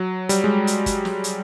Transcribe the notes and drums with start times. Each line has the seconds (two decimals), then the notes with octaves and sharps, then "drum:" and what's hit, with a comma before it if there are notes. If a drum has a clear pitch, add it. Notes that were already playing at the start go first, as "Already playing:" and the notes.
Already playing: F#3
0.29 G3, drum: hi-hat
0.44 G#3
0.67 drum: hi-hat
0.86 drum: kick G1, hi-hat
1.05 drum: snare
1.24 drum: hi-hat